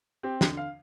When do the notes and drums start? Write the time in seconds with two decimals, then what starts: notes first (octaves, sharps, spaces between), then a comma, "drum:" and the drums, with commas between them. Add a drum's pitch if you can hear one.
0.23 C4 G4
0.41 D3, drum: snare
0.57 F5